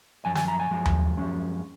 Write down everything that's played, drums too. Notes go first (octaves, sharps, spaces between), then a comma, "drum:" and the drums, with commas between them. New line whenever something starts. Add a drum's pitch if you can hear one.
F#2 F3 G#5
G#5, drum: snare
A#5
G#5
F#2 F3 G#3
drum: tom D#2
F#2 F3 G#3 C#4